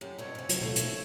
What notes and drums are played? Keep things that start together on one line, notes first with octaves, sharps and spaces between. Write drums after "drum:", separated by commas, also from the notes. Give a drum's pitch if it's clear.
F#2 G4
G2 B2 C4 C#5
F#2 C3
E3 F#3, drum: hi-hat
B2 F3 A3 C4 C#5
drum: hi-hat